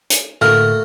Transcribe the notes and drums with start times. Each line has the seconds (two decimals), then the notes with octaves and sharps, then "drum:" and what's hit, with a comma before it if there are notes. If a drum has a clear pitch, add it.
0.10 drum: hi-hat
0.41 A2 D3 A3 A#3 F#4 F6